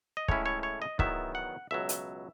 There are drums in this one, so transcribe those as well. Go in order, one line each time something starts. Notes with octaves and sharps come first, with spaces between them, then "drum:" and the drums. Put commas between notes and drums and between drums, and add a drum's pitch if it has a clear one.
D#5
A2 G#3 C#4 E4 C#5, drum: kick
C#5
C#5
D#5
E2 D#3 F#3 B3 E4 E5, drum: kick
F#5
C#2 B2 F#3 E5
drum: hi-hat